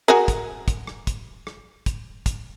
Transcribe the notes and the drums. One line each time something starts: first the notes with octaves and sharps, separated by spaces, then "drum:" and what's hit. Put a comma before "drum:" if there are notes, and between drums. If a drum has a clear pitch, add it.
F#4 G#4 A#4
drum: kick, hi-hat
drum: kick, hi-hat
drum: rim click
drum: kick, hi-hat
drum: rim click
drum: kick, hi-hat
drum: kick, hi-hat